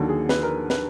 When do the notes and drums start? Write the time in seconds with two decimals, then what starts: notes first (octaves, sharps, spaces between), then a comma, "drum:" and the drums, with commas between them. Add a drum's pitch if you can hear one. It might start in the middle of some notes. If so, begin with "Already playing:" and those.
Already playing: D#2 D3 F#3 A4
0.09 G#4
0.29 B4, drum: snare
0.43 A#4
0.70 B4, drum: snare